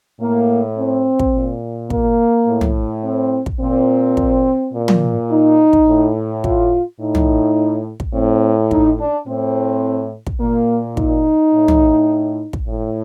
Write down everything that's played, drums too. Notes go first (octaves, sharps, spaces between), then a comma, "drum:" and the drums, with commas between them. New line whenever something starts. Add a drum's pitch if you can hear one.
A2 A#3
C4
drum: kick
A#2
A#3, drum: kick
A2
drum: tom
C4
drum: kick
A#2 C4
drum: kick
A#2
drum: tom
D#4
drum: kick
A2
F4, drum: kick
A2 D#4
drum: tom
drum: kick
A2 C4
D#4, drum: kick
D4
A2 C4
drum: kick
A#2 A#3
D#4, drum: kick
A2
drum: tom
drum: kick
A2